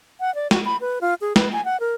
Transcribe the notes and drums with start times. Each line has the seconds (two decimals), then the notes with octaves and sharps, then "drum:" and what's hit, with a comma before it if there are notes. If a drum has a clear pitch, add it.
0.20 F#5
0.35 D5
0.51 F#4, drum: snare
0.65 B5
0.81 B4
1.01 F4
1.21 G#4
1.36 B4, drum: snare
1.53 G#5
1.65 F#5
1.80 A#4